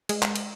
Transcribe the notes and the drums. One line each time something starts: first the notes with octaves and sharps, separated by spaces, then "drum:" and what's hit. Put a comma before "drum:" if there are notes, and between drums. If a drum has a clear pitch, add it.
G#3, drum: cymbal
drum: clap
drum: cymbal